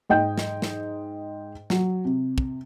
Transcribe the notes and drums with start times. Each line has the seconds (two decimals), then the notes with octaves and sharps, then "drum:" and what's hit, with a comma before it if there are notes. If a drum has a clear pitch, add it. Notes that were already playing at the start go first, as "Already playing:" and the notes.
0.10 G#2 D#5 G5 G6
0.38 drum: snare
0.62 drum: snare
1.70 F#3, drum: snare
2.05 C3
2.38 drum: kick